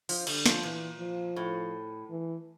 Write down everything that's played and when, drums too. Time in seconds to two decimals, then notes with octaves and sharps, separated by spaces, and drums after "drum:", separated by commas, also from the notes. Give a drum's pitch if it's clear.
0.09 F3, drum: open hi-hat
0.27 D3 G3, drum: cymbal
0.46 F3, drum: snare
0.63 A#2 E3
1.00 F3
1.36 A2
2.10 E3